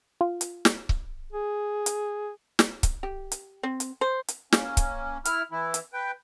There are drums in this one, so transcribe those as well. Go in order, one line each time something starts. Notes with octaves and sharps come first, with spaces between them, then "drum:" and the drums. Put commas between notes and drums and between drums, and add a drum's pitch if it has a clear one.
F4
drum: hi-hat
drum: snare
drum: kick C#1
G#4
drum: hi-hat
drum: snare
drum: kick C#1, hi-hat
G4
drum: hi-hat
C4
drum: hi-hat
C5
drum: hi-hat
A#3 C#4, drum: snare
drum: kick C#1, hi-hat
E4 F6, drum: hi-hat
E3 E4
drum: hi-hat
B4 G5